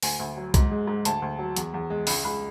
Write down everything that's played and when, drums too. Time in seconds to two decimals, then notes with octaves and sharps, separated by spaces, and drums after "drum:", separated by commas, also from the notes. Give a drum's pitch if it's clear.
0.03 D2 G#5, drum: open hi-hat
0.19 D2
0.37 F#3
0.54 G#2, drum: kick C2, hi-hat
0.71 G#3
0.87 G#2
1.05 D2 A5, drum: hi-hat
1.22 D2
1.39 F#3
1.57 E2, drum: hi-hat
1.74 E2
1.90 G#3
2.07 C#2 B5, drum: open hi-hat
2.24 C#2 B5